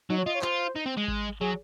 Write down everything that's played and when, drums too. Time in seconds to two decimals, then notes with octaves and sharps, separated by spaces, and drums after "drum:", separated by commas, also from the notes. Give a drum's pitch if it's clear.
0.10 F#3 D#4
0.18 C#5
0.26 F4 D#5
0.35 C#5
0.42 F4 C5, drum: clap
0.76 D#4
0.86 C4
0.97 G#3
1.08 drum: kick G#1
1.40 F#3 G#4